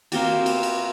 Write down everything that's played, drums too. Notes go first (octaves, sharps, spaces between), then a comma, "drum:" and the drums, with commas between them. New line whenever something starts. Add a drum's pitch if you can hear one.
A#3 C4 F#4 G4, drum: cymbal
drum: cymbal
drum: cymbal